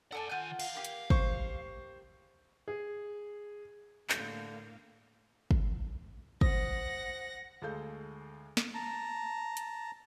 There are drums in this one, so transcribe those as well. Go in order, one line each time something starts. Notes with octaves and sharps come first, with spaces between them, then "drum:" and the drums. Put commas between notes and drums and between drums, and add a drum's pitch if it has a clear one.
A4 D5 F#5 G#5 A5
D#3 F4 F#5 G#5 G6
F5, drum: cymbal
A#3 G4
drum: hi-hat
C5 C#6, drum: kick
G#4
A2 D3 A#3 F5 G6, drum: clap
drum: kick
C5 F#5 D#6 A#6, drum: kick
D2 G#3 A4 F5 G6
drum: snare
A5 A#5
drum: hi-hat